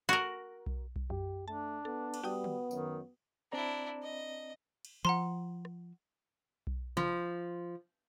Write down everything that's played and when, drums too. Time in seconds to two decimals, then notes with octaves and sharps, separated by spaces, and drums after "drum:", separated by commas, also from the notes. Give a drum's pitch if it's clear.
0.09 F#4 A#4
0.66 drum: kick B1
0.96 drum: kick B1
1.10 F#2 G4
1.48 A3 D4 A5
1.85 B3 A4
2.14 drum: cymbal
2.24 G3 B3 F#4 G5 D#6
2.44 drum: tom D3
2.71 F#2 D#3, drum: tambourine
3.52 C4 D4 E4 D5 A#5
4.02 D#5
4.85 drum: cymbal
5.05 F3 F#5 A#5 C6
5.65 drum: rim click
6.67 drum: kick B1
6.97 F3, drum: tom